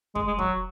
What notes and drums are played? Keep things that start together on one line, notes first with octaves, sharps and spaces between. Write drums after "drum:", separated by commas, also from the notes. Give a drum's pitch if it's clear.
G#3, drum: kick
G#3
F#3, drum: kick